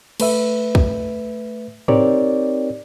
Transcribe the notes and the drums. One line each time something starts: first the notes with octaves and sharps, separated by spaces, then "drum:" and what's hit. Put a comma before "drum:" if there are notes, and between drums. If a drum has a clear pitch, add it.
A3 B4 E5, drum: cymbal
drum: kick
C4 D#4 G4 A#4 C#5 D5, drum: tom G#2